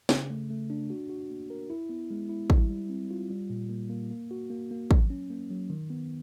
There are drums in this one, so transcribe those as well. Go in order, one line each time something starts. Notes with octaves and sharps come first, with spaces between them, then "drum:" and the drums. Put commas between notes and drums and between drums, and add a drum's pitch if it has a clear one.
C#3, drum: snare
A3
A3
D4
F#4
F#4
A#3
A#4
E4
B3
G#3
E4
G3, drum: kick
G3
C4
F4
G3
A#2
A#3
A#3
A#3
F#4
A#3
A#3
F#3, drum: kick
C#4
A#3
F#3
D#3
B3